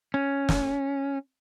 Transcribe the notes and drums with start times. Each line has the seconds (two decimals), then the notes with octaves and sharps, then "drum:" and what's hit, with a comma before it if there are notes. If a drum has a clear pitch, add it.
0.14 C#4
0.49 drum: snare